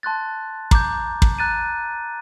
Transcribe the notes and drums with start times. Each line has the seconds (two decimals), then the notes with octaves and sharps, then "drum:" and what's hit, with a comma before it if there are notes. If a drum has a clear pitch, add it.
0.03 A5 C6 F#6 A6
0.71 A#5 D6 G6, drum: kick
1.22 drum: kick
1.39 A#5 F#6 A6 D#7